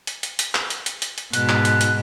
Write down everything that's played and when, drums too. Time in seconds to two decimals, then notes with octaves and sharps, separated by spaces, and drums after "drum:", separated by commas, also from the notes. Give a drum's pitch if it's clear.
0.07 drum: hi-hat
0.23 drum: hi-hat
0.39 drum: hi-hat
0.55 drum: clap
0.70 drum: hi-hat
0.86 drum: hi-hat
1.02 drum: hi-hat
1.18 drum: hi-hat
1.33 G#2 B2 F#6, drum: hi-hat
1.49 drum: clap
1.65 drum: hi-hat
1.81 drum: hi-hat